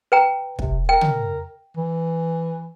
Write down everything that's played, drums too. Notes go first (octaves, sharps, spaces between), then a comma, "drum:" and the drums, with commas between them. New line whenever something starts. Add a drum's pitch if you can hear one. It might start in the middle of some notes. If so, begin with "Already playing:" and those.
B4 G5 A#5
C3, drum: kick
A#4 G5
drum: tom
E3